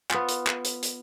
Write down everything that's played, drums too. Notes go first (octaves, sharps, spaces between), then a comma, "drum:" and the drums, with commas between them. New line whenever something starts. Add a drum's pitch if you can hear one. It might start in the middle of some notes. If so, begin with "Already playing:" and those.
B3 F4, drum: clap
drum: hi-hat
drum: clap
drum: hi-hat
drum: hi-hat